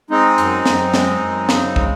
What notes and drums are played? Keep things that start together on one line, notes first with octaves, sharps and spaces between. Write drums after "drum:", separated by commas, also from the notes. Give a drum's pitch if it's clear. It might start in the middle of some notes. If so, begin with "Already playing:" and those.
G#3 C4 D#4
F#2, drum: hi-hat
F#2, drum: snare
G#3, drum: snare
F#2
C#3, drum: snare
G#3, drum: kick